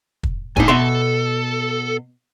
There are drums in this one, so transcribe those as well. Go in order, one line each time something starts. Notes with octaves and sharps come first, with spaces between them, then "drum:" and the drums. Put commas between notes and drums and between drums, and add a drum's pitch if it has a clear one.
drum: kick
A2 D#4 F4 G#5, drum: kick
B2 A4 E5 C6